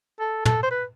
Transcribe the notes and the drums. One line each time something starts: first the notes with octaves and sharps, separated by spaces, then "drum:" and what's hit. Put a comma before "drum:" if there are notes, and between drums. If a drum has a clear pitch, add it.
A4
A4, drum: tom
C5
B4